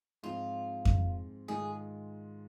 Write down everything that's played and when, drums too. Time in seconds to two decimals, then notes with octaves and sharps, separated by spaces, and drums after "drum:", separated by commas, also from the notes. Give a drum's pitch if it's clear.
0.23 G#2 F3 C4 F4
0.85 drum: kick F2
1.48 G#2 D#3 G#3 F4 G#4